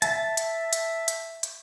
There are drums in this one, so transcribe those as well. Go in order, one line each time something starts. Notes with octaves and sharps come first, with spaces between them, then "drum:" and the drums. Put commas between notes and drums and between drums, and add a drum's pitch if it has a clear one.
E5 A5, drum: hi-hat
drum: hi-hat
drum: hi-hat
drum: hi-hat
drum: hi-hat